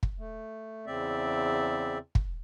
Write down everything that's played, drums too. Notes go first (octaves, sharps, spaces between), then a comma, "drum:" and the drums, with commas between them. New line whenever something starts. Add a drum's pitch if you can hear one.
drum: kick
A3
E2 C#3 C4 D5 E5
drum: kick